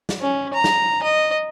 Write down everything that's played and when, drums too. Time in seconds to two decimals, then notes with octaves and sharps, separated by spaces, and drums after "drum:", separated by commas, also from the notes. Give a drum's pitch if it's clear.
0.09 drum: snare
0.21 C#4
0.54 A#5
0.64 drum: snare
1.03 D#5